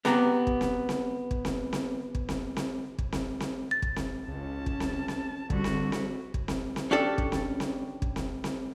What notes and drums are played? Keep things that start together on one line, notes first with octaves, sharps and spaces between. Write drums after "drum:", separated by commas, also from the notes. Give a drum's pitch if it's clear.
B3 G4 A#5, drum: snare C4
drum: kick
drum: snare C4
drum: snare C4
drum: kick
drum: snare C4
drum: snare C4
drum: kick
drum: snare C4
drum: snare C4
drum: kick
drum: snare C4
drum: snare C4
A6
drum: kick
drum: snare C4
C#2 C#4 A5
drum: kick
drum: snare C4
drum: snare C4
D3 G3 C4 F#4 A4, drum: kick
drum: snare C4
drum: snare C4
drum: kick
drum: snare C4
drum: snare C4
C#4 D4 G4 A4 D5
drum: kick
drum: snare C4
drum: snare C4
drum: kick
drum: snare C4
drum: snare C4